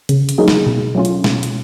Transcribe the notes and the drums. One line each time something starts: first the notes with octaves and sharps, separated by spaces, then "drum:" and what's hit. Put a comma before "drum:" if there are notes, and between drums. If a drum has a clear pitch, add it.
C#3, drum: hi-hat
drum: hi-hat
F#3 A#3 D#4 G#4
drum: snare
B2
F#3 A3 C#4 F4
drum: hi-hat
B2, drum: snare
drum: hi-hat